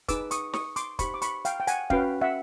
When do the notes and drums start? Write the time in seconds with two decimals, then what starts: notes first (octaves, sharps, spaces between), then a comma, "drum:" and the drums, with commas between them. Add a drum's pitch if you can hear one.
0.08 D#4 G#4 B4 D6 E6, drum: kick, hi-hat
0.31 C#6 D#6, drum: hi-hat
0.53 C#6 D#6, drum: snare
0.76 C6 D6, drum: hi-hat
0.99 D#4 G4 C5 B5 C#6, drum: kick, hi-hat
1.14 D6
1.22 B5 C#6, drum: hi-hat
1.45 F5 G5, drum: hi-hat
1.60 G5
1.67 F#5 G#5, drum: hi-hat
1.90 C#4 F#4 B4 F5 G5, drum: kick
2.21 E5 F#5